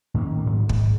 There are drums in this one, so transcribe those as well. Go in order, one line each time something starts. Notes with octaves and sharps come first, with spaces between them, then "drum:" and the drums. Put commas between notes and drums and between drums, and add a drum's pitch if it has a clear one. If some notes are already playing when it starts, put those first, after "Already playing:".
A2 D#3 A#3 C#4
G#2 F#3
G#2, drum: kick